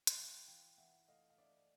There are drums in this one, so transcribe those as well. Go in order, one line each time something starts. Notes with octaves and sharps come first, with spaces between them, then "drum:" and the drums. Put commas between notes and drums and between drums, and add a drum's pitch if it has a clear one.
G#5, drum: hi-hat
E3 F5 G5
E3 F5 G5
E3 E5 F#5
A3 D#5 F5
F5
D4 D5 E5